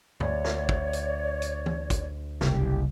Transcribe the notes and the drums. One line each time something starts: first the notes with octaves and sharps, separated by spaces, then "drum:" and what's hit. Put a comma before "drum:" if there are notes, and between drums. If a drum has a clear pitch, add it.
D2 C#5 D5, drum: tom G2
drum: snare
drum: kick
drum: hi-hat
drum: hi-hat
drum: tom E3
drum: kick, hi-hat
F#1 C2 G4, drum: snare